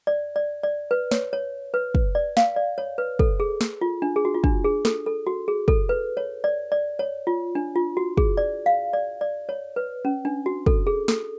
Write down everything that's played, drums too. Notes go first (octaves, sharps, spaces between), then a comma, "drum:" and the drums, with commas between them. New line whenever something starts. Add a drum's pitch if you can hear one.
D5
D5
D5
B4
C#5, drum: snare
C#5
B4
drum: kick
D5
F5, drum: snare
D5
C#5
B4
A4, drum: kick
G#4
drum: snare
F4
D4
G#4
F#4
F4
D4, drum: kick
G#4
A4, drum: snare
A4
F#4
G#4
A4, drum: kick
B4
C#5
D5
D5
C#5
F4
D4
F4
F#4
G#4, drum: kick
D5
F5
D5
D5
C#5
B4
C#4
D4
F#4
A4, drum: kick
G#4
A4, drum: snare